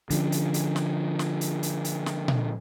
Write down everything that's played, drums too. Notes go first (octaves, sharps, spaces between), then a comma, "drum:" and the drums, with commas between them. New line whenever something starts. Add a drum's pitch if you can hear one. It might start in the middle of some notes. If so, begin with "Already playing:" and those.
D3 F3 C#4, drum: hi-hat
drum: hi-hat
drum: hi-hat
drum: snare
drum: snare
drum: hi-hat
drum: hi-hat
drum: hi-hat
drum: snare
drum: tom A#2